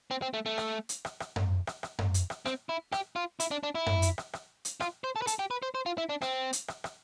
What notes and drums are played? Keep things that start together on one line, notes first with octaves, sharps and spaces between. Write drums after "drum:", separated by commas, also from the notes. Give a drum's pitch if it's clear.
C4
C4
A3
A3
drum: rim click
drum: hi-hat
drum: rim click
drum: rim click
drum: tom F#2
drum: rim click
drum: rim click
drum: tom F#2
drum: hi-hat
drum: rim click
C4, drum: rim click
E4
G4, drum: rim click
F4
E4, drum: hi-hat
D4
D4
E4
drum: tom F#2
drum: hi-hat
drum: rim click
drum: rim click
drum: hi-hat
F4, drum: rim click
C5
A4
B4
A4, drum: hi-hat
G4
B4
C5
C5
F4
E4
D4
C4, drum: rim click
drum: hi-hat
drum: rim click
drum: rim click